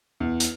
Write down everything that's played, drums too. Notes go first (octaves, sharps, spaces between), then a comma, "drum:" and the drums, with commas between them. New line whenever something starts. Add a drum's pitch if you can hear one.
E2
drum: hi-hat